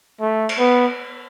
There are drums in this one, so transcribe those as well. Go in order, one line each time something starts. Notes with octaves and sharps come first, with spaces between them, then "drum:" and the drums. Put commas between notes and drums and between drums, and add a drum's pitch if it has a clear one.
A3
drum: cymbal
B3